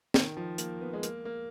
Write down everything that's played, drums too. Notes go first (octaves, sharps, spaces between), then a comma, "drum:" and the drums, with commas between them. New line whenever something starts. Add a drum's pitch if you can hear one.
D#3, drum: snare
F3
A#3, drum: hi-hat
B3
G#3
A#3, drum: hi-hat
A#3